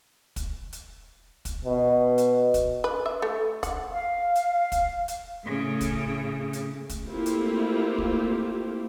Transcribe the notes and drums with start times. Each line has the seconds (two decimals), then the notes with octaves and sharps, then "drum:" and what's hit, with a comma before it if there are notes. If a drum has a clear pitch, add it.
0.36 drum: kick, hi-hat
0.73 drum: hi-hat
1.45 drum: kick, hi-hat
1.65 B2
2.18 drum: hi-hat
2.54 drum: kick, hi-hat
2.84 B4
3.06 E5
3.22 A3
3.63 F#5, drum: kick, hi-hat
3.93 F5
4.35 drum: hi-hat
4.72 drum: kick, hi-hat
5.08 drum: hi-hat
5.44 A2 C#3
5.81 drum: kick, hi-hat
6.53 drum: hi-hat
6.89 drum: kick, hi-hat
7.05 A3 A#3 C4 E4 F4 G4
7.26 drum: hi-hat
7.98 drum: kick